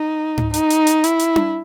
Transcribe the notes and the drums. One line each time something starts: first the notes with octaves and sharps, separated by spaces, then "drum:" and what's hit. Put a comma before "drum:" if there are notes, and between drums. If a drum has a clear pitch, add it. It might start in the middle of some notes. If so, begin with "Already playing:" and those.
Already playing: D#4
drum: tom G#2
D#4, drum: hi-hat
drum: hi-hat
drum: hi-hat
E4, drum: hi-hat
drum: hi-hat
drum: tom D4